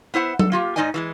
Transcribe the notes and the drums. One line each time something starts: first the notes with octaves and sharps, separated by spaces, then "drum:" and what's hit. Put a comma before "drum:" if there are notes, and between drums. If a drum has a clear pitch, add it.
B3 E4 C5 F#5
A4, drum: tom F#3
A#3 F4 G4
G#2 A#3 D#4 D5 D#5 G#5
E3 G3 G#3